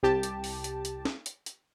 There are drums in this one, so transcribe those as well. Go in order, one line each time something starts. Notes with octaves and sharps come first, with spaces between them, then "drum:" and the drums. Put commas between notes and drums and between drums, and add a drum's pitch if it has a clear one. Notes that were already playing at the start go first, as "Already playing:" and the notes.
C2 G4 A5
drum: hi-hat
drum: open hi-hat
drum: hi-hat
drum: hi-hat
drum: snare
drum: hi-hat
drum: hi-hat